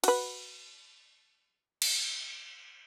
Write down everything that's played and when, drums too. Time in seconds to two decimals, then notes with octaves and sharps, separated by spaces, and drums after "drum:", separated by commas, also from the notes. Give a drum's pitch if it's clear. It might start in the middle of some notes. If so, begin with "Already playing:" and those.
0.04 F#4 B4, drum: cymbal
1.82 drum: cymbal